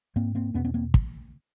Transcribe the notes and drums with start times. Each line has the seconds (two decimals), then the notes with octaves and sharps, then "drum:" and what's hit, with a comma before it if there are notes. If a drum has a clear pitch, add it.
0.16 G#2 A#3 C4
0.35 A#3 C4
0.54 E2 B2 B3 C#4
0.65 B3 C#4
0.74 A#3 C4
0.94 drum: kick